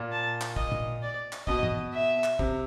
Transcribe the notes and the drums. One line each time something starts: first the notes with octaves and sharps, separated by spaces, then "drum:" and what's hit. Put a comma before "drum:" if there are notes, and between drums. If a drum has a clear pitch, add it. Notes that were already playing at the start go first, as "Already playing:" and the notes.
Already playing: A#2
A5
drum: clap
D#5, drum: kick
drum: tom
D5
drum: clap
B2 D#5, drum: kick
drum: tom
E5
drum: clap
C3, drum: kick